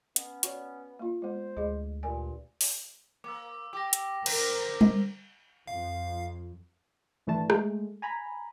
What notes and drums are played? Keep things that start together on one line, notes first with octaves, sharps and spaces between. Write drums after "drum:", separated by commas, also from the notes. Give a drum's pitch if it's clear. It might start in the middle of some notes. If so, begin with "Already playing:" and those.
B3 C#4, drum: hi-hat
F#4 C#5 D5, drum: hi-hat
A#3 F4
G#3 B3 C5
D2 G#3 G#4 D#5
G2 A#2 A#4 D5 G#5
drum: open hi-hat
A#3 D6 E6
G4 D6 A#6
drum: hi-hat
D3 A#4 C5, drum: cymbal
drum: tom G3
F2 F5
G#1 E3 A3 D4 A5
G#3 A3, drum: rim click
G#5 A#5 B5